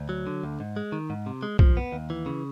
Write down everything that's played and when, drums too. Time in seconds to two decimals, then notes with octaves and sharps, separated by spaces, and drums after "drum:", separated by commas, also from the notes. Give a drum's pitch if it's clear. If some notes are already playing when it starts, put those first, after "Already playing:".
Already playing: D2
0.09 F#3
0.27 D3
0.44 D2
0.60 G#2
0.76 G#3
0.92 D#3
1.10 G#2
1.26 C3
1.43 G#3
1.59 F3, drum: kick
1.77 B3
1.92 D#2
2.10 E3
2.26 C#3